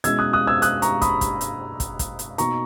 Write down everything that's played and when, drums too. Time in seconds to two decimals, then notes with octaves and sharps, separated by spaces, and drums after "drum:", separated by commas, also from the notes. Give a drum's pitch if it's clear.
0.04 B2 G#3 C#4 E4 E6 G#6, drum: hi-hat
0.19 D#6 F#6
0.33 D#6 F#6
0.47 E6 G#6
0.62 D#6 F#6, drum: hi-hat
0.82 A#5 C#6, drum: hi-hat
1.02 B5 D#6, drum: kick, hi-hat
1.21 drum: kick, hi-hat
1.41 drum: hi-hat
1.80 drum: kick, hi-hat
1.99 drum: kick, hi-hat
2.19 drum: hi-hat
2.38 B2 A#3 D#4 A#5 C#6, drum: hi-hat